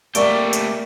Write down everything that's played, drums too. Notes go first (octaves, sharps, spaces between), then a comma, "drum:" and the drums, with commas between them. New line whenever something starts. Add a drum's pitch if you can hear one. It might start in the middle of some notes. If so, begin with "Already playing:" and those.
A3 A#3 G4 D5 C#6, drum: hi-hat
drum: hi-hat